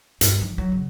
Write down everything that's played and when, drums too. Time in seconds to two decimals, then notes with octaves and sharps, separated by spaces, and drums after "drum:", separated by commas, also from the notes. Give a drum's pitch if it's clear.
0.21 G2, drum: hi-hat
0.41 F3
0.58 F#3
0.72 C#3